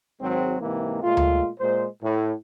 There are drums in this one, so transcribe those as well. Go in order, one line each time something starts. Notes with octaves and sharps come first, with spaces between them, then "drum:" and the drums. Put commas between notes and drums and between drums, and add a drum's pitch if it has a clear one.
G#1 F#3 G#3 C4
G#2 C3 E3 G#3 A#3
A#2 G#3 A3 F4
drum: tom D2
A#2 G#3 C5
A2